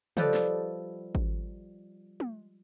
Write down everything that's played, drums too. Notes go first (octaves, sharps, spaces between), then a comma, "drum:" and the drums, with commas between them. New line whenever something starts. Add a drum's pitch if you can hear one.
F3 G3 A4 B4 D5 D#5, drum: tom
drum: snare
drum: kick G#1
drum: tom